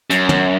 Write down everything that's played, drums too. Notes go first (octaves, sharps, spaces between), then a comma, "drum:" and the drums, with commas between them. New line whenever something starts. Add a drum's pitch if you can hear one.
F#2, drum: hi-hat
drum: tom